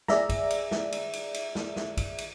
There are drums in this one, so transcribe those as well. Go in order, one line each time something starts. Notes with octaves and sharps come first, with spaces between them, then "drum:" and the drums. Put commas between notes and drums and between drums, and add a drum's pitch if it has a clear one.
G#4 D5 E5 A#5, drum: snare
drum: kick A#1, cymbal
drum: cymbal
drum: snare
drum: cymbal
drum: cymbal
drum: cymbal
drum: snare
drum: snare
drum: kick A#1, cymbal
drum: cymbal